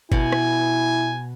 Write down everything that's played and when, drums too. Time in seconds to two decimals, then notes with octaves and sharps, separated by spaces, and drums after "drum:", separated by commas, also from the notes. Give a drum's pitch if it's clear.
0.12 B2 E4 G#5, drum: kick
0.32 drum: rim click